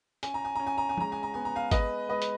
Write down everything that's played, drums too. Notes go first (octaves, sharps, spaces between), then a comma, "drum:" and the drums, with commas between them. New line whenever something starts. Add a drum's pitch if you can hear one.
C#4 G#5, drum: hi-hat
A#5
G#5
C#4 A#5
G#5
A#5
G#5
G#3 A#5, drum: tom
G#5
A#5
B3 G#5
A#5
F5 G#5
G#3 B4 D#5, drum: kick G#1, hi-hat
G#3 B4 D#5
drum: hi-hat